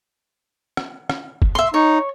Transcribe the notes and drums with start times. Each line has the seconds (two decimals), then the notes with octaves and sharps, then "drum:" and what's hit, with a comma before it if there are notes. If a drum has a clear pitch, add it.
0.77 drum: rim click
1.10 drum: rim click
1.42 drum: kick
1.55 E5 C6
1.74 D#4 C#5